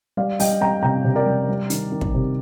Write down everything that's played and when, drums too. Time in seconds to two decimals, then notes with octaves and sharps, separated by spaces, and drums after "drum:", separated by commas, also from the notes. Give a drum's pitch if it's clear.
0.17 G3 D5 F5
0.40 G3 D#5 G5, drum: open hi-hat
0.61 G3 G5 A#5
0.82 C3 G5 A#5
1.04 C3
1.15 A#4 D5
1.26 G3
1.49 G3
1.70 D#3, drum: hi-hat
1.92 D#3
2.01 drum: kick
2.14 C3